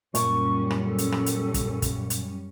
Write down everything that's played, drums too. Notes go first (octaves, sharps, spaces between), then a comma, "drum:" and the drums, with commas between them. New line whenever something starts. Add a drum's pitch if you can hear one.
F#2 A#2 G3 C#4 C#6, drum: hi-hat
drum: rim click
A4
drum: hi-hat
drum: rim click
drum: hi-hat
drum: kick, hi-hat
drum: kick, hi-hat
drum: hi-hat